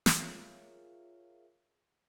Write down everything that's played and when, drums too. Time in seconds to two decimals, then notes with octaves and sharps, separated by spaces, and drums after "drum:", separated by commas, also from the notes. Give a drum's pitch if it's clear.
0.06 drum: snare
0.19 F4 G#4 A#4 C#5 E5 F5